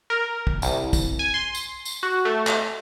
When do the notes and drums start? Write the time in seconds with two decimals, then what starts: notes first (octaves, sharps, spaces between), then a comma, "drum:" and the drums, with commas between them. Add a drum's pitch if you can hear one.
0.10 A#4
0.47 drum: kick
0.62 C2, drum: tambourine
0.93 drum: kick, tambourine
1.19 G#5
1.34 C6
1.55 drum: tambourine
1.85 drum: tambourine
2.03 F#4
2.25 A3
2.47 drum: clap